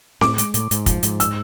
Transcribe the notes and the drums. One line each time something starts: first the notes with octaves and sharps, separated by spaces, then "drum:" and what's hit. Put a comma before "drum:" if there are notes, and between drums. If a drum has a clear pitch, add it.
A2 D6, drum: snare C4
G#3, drum: hi-hat
A2, drum: hi-hat
G#2, drum: hi-hat
F3, drum: kick, hi-hat
G#2, drum: hi-hat
E6, drum: hi-hat